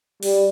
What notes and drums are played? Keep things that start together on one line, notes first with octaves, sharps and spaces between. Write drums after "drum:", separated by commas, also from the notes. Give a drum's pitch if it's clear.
G3, drum: open hi-hat